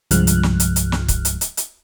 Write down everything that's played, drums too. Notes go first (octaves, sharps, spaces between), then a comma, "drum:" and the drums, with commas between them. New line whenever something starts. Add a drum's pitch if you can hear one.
C2 G2 F3 G#3 F6 F#6, drum: hi-hat
drum: hi-hat
drum: snare
drum: hi-hat
drum: hi-hat
drum: snare
drum: kick, hi-hat
drum: hi-hat
drum: hi-hat
drum: hi-hat